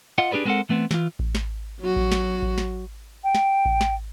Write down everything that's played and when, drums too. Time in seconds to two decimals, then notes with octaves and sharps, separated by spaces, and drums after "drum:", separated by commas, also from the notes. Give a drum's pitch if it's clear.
0.18 F4 D#5 F5 F#5
0.31 D4 G4 G#4 B4 D5
0.45 G#3 B3 C4 A4 A#4 F#5
0.69 E3 A3 B3 C4
0.91 E3 F4, drum: snare
1.19 drum: kick A1
1.35 drum: snare
1.81 F#3 F#4
1.96 drum: kick A1
2.12 drum: snare
2.42 drum: kick A1
2.58 drum: snare
3.24 G5
3.35 drum: snare
3.65 drum: kick A1
3.81 drum: snare